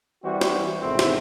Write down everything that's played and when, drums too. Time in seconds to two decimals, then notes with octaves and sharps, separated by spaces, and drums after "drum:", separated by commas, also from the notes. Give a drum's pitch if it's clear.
0.23 E3 G3 C4 F#4
0.41 drum: snare
0.81 G#1 B2 A3 C4 E4
0.99 drum: snare